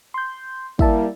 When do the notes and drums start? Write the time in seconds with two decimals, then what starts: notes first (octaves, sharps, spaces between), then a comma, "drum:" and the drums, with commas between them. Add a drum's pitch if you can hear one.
0.14 C6 G6
0.79 G3 A#3 E4 E5 A5, drum: kick